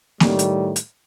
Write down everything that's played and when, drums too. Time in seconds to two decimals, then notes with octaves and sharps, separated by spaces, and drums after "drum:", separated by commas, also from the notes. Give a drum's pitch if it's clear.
0.20 A2 D#3 G3, drum: snare A#3
0.39 drum: hi-hat
0.76 drum: hi-hat